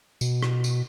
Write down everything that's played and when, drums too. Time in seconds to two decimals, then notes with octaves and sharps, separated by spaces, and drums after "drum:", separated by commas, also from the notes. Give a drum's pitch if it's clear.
0.21 B2, drum: tambourine
0.43 drum: rim click
0.64 drum: tambourine